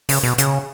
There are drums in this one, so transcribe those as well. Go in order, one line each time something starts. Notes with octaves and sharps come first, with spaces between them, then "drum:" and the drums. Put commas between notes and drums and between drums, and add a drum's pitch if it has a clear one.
C#3, drum: open hi-hat
B2
C#3, drum: hi-hat